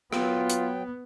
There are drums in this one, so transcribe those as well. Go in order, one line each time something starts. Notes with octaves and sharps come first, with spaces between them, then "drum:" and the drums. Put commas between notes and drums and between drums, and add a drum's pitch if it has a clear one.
F#3 B3 F4 G5, drum: rim click
drum: hi-hat